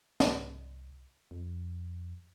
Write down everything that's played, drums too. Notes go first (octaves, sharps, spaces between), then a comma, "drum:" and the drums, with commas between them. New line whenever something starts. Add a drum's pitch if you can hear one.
C2, drum: snare
F2